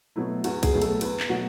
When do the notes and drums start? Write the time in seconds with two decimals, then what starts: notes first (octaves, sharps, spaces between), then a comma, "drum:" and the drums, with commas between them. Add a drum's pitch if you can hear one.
0.16 B2 F#3 A3 E4
0.44 E2 F#4, drum: cymbal
0.63 G#4, drum: kick, cymbal
0.73 B2 F#3 A3
0.82 A4, drum: cymbal
1.01 E2 B4, drum: cymbal
1.20 drum: clap
1.29 B2 F#3 A3 F#4